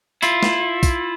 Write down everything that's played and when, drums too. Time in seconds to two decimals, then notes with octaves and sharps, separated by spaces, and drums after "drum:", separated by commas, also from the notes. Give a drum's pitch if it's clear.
0.22 E4 F4, drum: tambourine
0.43 drum: snare
0.83 drum: kick, tambourine